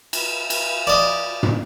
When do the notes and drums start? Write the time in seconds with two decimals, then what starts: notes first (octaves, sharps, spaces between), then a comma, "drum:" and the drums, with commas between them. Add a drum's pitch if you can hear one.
0.13 drum: cymbal
0.50 drum: cymbal
0.87 D5 D#5
1.43 drum: tom